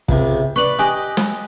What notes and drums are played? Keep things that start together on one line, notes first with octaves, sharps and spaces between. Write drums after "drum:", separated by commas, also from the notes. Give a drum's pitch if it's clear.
C#2 C3, drum: kick
B4 D5 C#6 F#7
G4 D#5 G#5 F#6
drum: snare